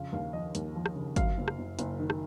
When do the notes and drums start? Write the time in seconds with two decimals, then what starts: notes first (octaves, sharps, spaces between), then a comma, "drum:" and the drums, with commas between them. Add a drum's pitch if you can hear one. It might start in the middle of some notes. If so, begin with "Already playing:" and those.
Already playing: F2 C#3 F5
0.13 D#2 F5
0.23 F5
0.33 F3 D#5
0.55 D#2, drum: hi-hat
0.76 F3
0.86 drum: rim click
0.96 C#3
1.16 F#2 F5, drum: kick G1, hi-hat
1.38 F#1
1.48 drum: rim click
1.59 F#1
1.79 F#1, drum: hi-hat
2.00 D#3
2.10 drum: rim click